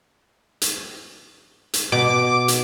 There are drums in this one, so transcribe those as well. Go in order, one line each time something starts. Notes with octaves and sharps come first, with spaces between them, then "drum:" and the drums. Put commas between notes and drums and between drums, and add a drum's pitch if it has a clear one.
drum: hi-hat
drum: hi-hat
B2 D6
drum: hi-hat